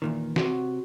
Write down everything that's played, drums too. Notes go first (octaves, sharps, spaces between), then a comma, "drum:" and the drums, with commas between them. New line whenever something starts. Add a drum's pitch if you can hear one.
E2 A#2 D#3
C3 F#4, drum: snare